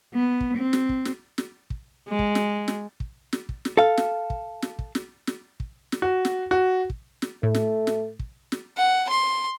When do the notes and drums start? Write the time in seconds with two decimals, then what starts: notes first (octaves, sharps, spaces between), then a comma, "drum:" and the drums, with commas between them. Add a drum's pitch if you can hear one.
0.14 B3
0.40 drum: kick
0.57 C4
0.73 drum: snare
0.89 drum: kick
1.05 drum: snare
1.38 drum: snare
1.70 drum: kick
2.09 G#3
2.19 drum: kick
2.35 drum: snare
2.68 drum: snare
3.00 drum: kick
3.33 drum: snare
3.49 drum: kick
3.65 drum: snare
3.77 A4 F5
3.97 drum: snare
4.30 drum: kick
4.62 drum: snare
4.79 drum: kick
4.95 drum: snare
5.27 drum: snare
5.60 drum: kick
5.92 drum: snare
6.02 F#4
6.25 drum: snare
6.51 F#4
6.90 drum: kick
7.22 drum: snare
7.43 A2 A3
7.55 drum: snare
7.87 drum: snare
8.19 drum: kick
8.52 drum: snare
8.77 F#5
9.09 C6